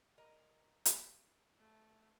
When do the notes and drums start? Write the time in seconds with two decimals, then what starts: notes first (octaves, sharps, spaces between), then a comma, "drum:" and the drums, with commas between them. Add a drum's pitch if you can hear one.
0.18 A#4 D#5 A#5
0.85 drum: hi-hat
1.57 A3